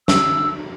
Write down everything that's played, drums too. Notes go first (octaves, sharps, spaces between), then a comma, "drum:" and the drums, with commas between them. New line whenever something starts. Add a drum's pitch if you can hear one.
E6, drum: snare